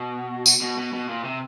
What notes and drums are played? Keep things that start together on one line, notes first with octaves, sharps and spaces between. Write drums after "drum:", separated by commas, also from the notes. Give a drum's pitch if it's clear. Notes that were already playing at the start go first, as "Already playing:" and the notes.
Already playing: B2
drum: tambourine
B2
B2
B2
A#2
C3